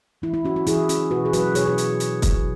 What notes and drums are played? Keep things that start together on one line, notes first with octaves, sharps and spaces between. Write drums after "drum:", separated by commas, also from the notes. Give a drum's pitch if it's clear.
E3 E4
E4
C#4 F#4
F#4
E3 E4 G#4, drum: hi-hat
C#4, drum: hi-hat
B2 F#4 B4
G#4
F#3 C#4 F#4 B4, drum: hi-hat
B2 G#4 C#5, drum: hi-hat
G#4 C#5
drum: hi-hat
drum: hi-hat
drum: kick, hi-hat